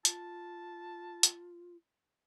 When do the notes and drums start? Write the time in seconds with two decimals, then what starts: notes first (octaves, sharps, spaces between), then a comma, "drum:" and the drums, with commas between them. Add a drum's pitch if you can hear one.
0.05 F4 A5, drum: hi-hat
1.23 drum: hi-hat